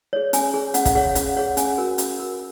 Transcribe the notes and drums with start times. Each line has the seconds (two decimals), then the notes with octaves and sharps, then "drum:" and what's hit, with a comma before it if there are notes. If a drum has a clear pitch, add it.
0.13 G#4 C#5
0.33 C#4 G#5, drum: hi-hat
0.54 G#4 C#5
0.74 C#4 F#5, drum: hi-hat
0.85 F5, drum: kick, hi-hat
0.95 G#4 C#5 F#5
1.15 C#4 F5, drum: hi-hat
1.37 G#4 C#5 F#5
1.57 C#4 G#5, drum: hi-hat
1.78 F#4 A#4
1.98 C#4, drum: hi-hat
2.19 F#4 A#4